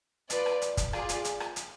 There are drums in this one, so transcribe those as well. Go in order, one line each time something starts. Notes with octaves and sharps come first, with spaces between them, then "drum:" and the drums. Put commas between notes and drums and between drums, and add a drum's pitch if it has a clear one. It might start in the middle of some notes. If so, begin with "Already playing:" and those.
F4 B4 D5, drum: hi-hat
drum: rim click
drum: hi-hat
drum: kick, hi-hat
F4 G#4 D5, drum: rim click
drum: hi-hat
drum: hi-hat
drum: rim click
drum: hi-hat